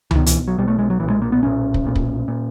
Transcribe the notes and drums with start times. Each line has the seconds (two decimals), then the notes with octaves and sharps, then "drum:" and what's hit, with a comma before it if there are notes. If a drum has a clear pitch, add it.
0.11 E3, drum: tom C#2
0.15 B1 B2 D#3
0.26 E3, drum: hi-hat
0.48 F#3
0.58 B1 B2 G3
0.68 A3
0.79 G#3
0.90 F#3
1.00 B1 A#2 E3
1.10 G#3
1.22 A#3
1.32 B3
1.43 B1 A#2 C#4
1.74 drum: kick
1.84 B1 A#2
1.95 drum: kick
2.28 A#2